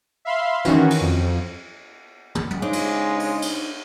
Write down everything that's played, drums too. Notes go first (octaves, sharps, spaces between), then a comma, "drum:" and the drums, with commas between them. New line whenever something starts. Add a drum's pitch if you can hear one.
E5 F5 B5 C6
D#3 E3 C#4 F#4, drum: snare
drum: cymbal
F2
drum: tom
drum: tom
C#3 G#3 D4 D#4 C5
drum: cymbal
drum: open hi-hat
drum: cymbal